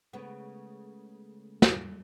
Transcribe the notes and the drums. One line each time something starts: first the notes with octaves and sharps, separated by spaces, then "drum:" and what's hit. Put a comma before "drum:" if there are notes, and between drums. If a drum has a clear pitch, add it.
C#3 G#3 A3 B3
F#2 G3, drum: snare